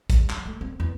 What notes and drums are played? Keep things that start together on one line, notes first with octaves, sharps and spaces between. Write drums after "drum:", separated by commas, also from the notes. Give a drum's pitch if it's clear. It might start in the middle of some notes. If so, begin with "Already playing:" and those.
G3, drum: kick, hi-hat
F3, drum: clap
A3
C4
E2